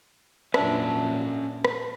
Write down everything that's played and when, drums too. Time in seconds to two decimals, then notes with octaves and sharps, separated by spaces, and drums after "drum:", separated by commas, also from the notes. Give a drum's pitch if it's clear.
0.54 F2 A#2 F#3 C#4 D4 E5, drum: rim click
1.65 drum: rim click